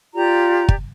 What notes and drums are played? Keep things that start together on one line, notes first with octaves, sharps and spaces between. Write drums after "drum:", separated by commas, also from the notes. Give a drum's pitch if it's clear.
F4 G4 D5 A#5
drum: kick